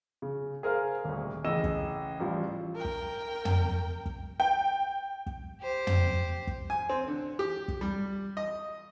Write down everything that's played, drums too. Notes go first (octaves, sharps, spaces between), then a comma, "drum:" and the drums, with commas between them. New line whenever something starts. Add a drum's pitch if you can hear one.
C#3
G#4 A#4 C5 F5 F6
D#1 D2
A1 C#3 D#5 E6 E7
drum: kick
A1 F3 G3
A#4 G5
drum: kick
drum: tom
drum: kick
G5
drum: kick
G4 C5
drum: tom
drum: kick
G#5
C4
D3
G4
drum: kick
G3
D#5